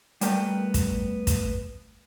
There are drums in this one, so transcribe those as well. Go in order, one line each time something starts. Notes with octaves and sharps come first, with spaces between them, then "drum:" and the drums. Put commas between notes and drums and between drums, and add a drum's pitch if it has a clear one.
G3 A3 B3 A#4 G5, drum: hi-hat
drum: kick, hi-hat
drum: kick, hi-hat